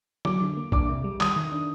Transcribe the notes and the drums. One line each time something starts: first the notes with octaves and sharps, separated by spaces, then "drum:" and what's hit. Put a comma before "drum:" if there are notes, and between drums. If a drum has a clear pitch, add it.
F#3 D6, drum: tom
D3
A#3
D4 D6, drum: kick A#1
C3
G3
D#3 D#6, drum: clap
D#3
D4